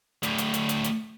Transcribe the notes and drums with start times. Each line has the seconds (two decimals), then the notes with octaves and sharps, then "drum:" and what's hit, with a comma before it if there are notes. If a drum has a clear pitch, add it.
0.23 D2 A2, drum: hi-hat
0.38 drum: hi-hat
0.54 drum: hi-hat
0.69 drum: hi-hat
0.84 drum: hi-hat